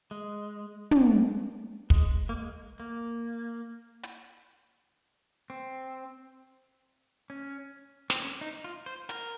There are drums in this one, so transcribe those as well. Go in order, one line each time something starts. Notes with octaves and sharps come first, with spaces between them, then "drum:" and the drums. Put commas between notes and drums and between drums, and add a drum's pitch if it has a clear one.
G#3
drum: tom
G#3, drum: kick
A#3
G#3
A#3
drum: hi-hat
C4
C#4
C4, drum: snare
C#4
D#4
F4
C5
A#4, drum: hi-hat